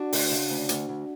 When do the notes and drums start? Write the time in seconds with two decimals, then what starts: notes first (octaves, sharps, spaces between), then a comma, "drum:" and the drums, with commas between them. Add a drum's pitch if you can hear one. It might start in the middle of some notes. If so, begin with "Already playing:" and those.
Already playing: D4 F#4
0.13 D2, drum: open hi-hat
0.31 C#3
0.50 D2
0.69 D2, drum: hi-hat
0.89 D2